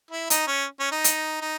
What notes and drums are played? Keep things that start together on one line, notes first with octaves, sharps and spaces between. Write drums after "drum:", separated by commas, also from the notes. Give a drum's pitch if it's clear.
E4
D#4, drum: hi-hat
C#4
C#4
D#4
drum: hi-hat
D#4